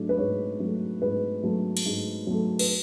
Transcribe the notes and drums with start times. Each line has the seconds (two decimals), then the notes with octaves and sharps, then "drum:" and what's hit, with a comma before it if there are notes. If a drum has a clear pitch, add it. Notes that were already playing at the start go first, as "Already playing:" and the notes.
Already playing: G#2 F#3 A3 D4
0.09 B4
0.18 G#2 C#5
0.60 F#3 A3
1.02 G#2 B4
1.43 F#3 A3
1.77 drum: cymbal
1.86 G#2
2.27 F#3 A3
2.59 B4, drum: cymbal